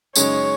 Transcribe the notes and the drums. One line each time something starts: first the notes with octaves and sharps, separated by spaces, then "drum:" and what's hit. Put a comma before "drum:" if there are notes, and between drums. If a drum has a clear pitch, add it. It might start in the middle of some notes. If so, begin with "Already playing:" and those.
F#2 C#3 G#3 D#4 C#5, drum: tambourine